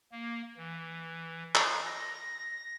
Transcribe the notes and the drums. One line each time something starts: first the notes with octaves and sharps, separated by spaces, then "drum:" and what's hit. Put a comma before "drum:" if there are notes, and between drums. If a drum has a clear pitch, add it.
A#3
E3
drum: clap
A#6